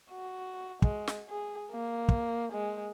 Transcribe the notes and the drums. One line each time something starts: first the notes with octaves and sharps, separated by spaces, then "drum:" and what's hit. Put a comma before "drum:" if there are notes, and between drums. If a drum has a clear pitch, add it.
F#4
G#3, drum: kick
drum: snare
G#4
A#3
drum: kick
G#3